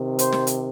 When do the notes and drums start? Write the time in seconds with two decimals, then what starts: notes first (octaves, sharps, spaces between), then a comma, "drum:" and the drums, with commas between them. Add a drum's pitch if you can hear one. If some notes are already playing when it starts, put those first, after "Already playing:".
Already playing: C3 D#3
0.19 C5, drum: hi-hat
0.32 drum: snare
0.47 drum: hi-hat